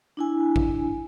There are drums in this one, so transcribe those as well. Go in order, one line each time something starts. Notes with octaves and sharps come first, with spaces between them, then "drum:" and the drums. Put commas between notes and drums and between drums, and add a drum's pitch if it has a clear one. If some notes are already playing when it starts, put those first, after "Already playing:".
D4 E4 G#5
drum: kick A1